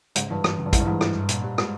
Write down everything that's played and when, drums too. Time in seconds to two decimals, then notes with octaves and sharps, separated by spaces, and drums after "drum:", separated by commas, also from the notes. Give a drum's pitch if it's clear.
0.16 G#2 C#3, drum: hi-hat
0.30 G2 E3
0.44 E3, drum: rim click
0.58 C#3
0.66 G2
0.73 G#2 E4, drum: kick A1, hi-hat
0.80 G2
0.86 G#2 E3
1.01 E4, drum: rim click
1.15 G2
1.29 A#2, drum: hi-hat
1.44 G3
1.58 G#3, drum: rim click